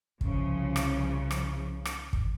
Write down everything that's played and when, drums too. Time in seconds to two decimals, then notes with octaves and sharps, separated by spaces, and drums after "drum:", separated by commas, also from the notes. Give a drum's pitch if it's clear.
0.21 C2 C#3 F3, drum: kick
0.76 drum: rim click
1.31 drum: rim click
1.85 drum: rim click
2.13 drum: kick